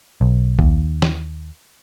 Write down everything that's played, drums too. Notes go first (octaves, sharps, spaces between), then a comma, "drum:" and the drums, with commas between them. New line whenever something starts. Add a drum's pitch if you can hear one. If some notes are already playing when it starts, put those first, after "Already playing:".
B1
D#2, drum: kick B1
drum: snare E3